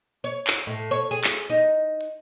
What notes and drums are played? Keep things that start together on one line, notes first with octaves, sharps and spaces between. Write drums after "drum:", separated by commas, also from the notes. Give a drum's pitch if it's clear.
C#5
drum: clap
A2
C#5
G#4
drum: clap
D#4, drum: hi-hat
drum: hi-hat